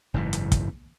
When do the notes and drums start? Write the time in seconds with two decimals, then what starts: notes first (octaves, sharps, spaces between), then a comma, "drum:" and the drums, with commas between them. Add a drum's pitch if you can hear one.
0.14 F#1 G#2 C#3 E3
0.33 drum: hi-hat
0.52 drum: kick, hi-hat